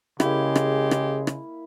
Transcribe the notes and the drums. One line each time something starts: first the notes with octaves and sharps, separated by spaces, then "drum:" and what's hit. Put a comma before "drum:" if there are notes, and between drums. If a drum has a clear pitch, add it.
C#3 G#3 A#3 E4 G4, drum: rim click
drum: rim click
drum: rim click
drum: rim click